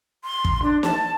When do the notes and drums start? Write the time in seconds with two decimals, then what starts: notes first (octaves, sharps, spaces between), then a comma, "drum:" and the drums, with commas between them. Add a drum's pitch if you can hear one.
0.24 C6
0.45 drum: kick
0.63 D4
0.83 A5, drum: snare